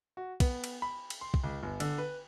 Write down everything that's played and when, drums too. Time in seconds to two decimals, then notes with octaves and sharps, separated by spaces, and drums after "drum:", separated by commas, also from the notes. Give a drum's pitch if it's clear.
0.17 F#4
0.40 B3, drum: kick, cymbal
0.64 drum: cymbal
0.82 B5
1.10 drum: cymbal
1.21 C6
1.34 drum: kick
1.44 C#2
1.63 G1
1.80 D3, drum: cymbal
1.98 B4